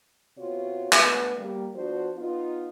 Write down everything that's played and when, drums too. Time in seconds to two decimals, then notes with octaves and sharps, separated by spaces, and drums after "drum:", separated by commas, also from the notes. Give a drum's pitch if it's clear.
0.38 C3 B3 F4 F#4 C#5
0.92 D3 A3 B3, drum: clap
1.37 G3 A#3
1.75 F3 B3 D4 F#4 C5
2.17 B3 D#4 F4